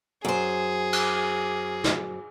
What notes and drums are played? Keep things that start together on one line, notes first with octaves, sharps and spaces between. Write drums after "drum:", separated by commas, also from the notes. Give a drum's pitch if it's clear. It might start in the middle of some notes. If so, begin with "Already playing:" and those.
F#2 G#4 C5
drum: cymbal
drum: snare